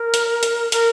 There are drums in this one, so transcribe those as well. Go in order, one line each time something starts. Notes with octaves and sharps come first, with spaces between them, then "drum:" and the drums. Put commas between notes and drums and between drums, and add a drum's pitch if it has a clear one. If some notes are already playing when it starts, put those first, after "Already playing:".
Already playing: A#4
drum: hi-hat
drum: hi-hat
A#4, drum: hi-hat